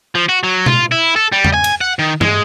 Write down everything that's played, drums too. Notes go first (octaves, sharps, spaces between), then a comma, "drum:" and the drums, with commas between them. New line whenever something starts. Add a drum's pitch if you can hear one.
F3
F#4
F#3
F4, drum: tom B2
E4
A4
G3
drum: tom E2
G#5
drum: cymbal
F#5
D#3
G#3, drum: tom G2